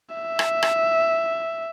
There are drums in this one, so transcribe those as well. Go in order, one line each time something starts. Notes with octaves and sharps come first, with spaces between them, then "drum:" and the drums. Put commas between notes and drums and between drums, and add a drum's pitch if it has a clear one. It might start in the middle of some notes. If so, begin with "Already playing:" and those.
E5
drum: rim click
drum: rim click